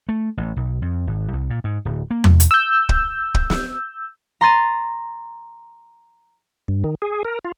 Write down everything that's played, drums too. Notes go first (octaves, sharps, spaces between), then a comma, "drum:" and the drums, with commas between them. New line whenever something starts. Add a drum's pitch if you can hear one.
A3
A1
B1
F2
G#1
C2
A#2
G#2
D1
A#3
drum: tom E2
drum: hi-hat
E6 G6
drum: kick
drum: kick
drum: snare
A#5 C6 A6 D#7
G2
D#3
G#4
A#4
F4